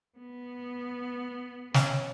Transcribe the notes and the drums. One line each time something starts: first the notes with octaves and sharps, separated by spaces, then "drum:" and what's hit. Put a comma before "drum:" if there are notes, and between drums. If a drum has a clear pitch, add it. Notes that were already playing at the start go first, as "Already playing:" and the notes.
B3
C#4, drum: snare